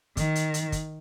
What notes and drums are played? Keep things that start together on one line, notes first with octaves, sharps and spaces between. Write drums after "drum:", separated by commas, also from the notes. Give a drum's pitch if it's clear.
D#3, drum: kick, hi-hat
drum: hi-hat
drum: hi-hat
drum: kick, hi-hat